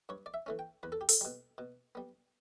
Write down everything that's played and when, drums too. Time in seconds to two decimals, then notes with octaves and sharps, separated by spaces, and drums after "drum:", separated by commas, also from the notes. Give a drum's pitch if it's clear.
0.09 G2 C#5
0.26 D5
0.34 E5
0.46 E3 A3 C#4
0.59 G5
0.83 E2 B4
0.92 A4
1.01 G4
1.09 A4, drum: open hi-hat
1.21 B2 G3
1.58 B2
1.95 G3 B3